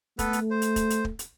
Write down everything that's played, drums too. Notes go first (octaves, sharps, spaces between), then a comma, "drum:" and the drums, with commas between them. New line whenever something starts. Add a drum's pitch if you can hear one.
A3 B3 A4 B4, drum: kick, hi-hat
drum: hi-hat
C5
drum: hi-hat
drum: kick, hi-hat
drum: hi-hat
drum: kick
drum: hi-hat